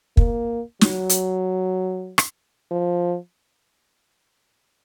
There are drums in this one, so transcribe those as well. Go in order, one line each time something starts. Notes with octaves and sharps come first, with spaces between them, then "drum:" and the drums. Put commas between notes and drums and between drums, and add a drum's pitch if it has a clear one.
A#3, drum: kick
F#3, drum: snare
drum: hi-hat
drum: rim click
F3